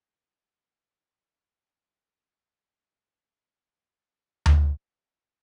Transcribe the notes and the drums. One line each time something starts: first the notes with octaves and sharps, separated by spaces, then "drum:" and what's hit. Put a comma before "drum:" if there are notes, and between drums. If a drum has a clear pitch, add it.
D#4
A4
F3
F4
G#2
G3
D4
D#4
G3 A3 D#4
drum: tom D2